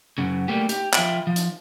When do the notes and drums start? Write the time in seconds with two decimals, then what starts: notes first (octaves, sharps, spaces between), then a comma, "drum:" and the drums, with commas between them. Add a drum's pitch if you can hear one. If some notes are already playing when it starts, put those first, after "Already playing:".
0.18 F#2 C#3
0.48 G3 A3 A#3 G4
0.69 G4, drum: hi-hat
0.93 F3 F4 A4 E5 G5 B5, drum: clap
1.27 F3
1.36 drum: hi-hat